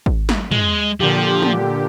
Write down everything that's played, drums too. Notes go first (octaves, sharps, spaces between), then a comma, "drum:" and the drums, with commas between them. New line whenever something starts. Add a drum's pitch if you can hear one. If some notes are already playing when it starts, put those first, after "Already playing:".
drum: kick G#1
drum: snare
G#3, drum: tom
A#2 D3 F3 G4
drum: tom